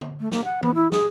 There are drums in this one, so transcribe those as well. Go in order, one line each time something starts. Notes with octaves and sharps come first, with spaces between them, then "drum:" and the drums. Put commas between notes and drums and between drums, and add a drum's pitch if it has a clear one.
drum: tom
A3
A#3, drum: snare
F#5
B3, drum: tom E3
E4
G#4, drum: snare